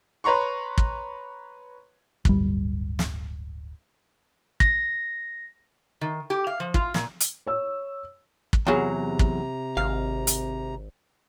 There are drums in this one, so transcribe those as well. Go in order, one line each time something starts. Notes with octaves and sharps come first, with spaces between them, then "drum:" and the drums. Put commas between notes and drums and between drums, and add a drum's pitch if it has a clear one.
B4 C#5 A#5 C6 C#6
drum: kick
D1 G1 G3, drum: kick
drum: snare
A#6, drum: kick
D#3
G4
F5
F3
F4, drum: kick
A#2, drum: snare
drum: hi-hat
C#5 E6
drum: kick
E2 C3 F#3 B3 F4 G#4 A#5
drum: kick
G#1 F5
drum: hi-hat